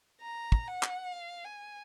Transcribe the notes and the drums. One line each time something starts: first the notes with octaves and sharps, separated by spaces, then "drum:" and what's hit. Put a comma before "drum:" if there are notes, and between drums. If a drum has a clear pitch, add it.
A#5
drum: kick
F#5
drum: clap
F5
G#5